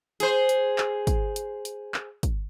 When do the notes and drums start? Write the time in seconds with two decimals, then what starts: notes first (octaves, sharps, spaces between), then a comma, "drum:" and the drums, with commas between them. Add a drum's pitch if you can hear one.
0.20 G#4 C5, drum: hi-hat
0.49 drum: hi-hat
0.78 drum: clap
1.07 drum: kick, hi-hat
1.36 drum: hi-hat
1.65 drum: hi-hat
1.94 drum: clap
2.23 drum: kick, hi-hat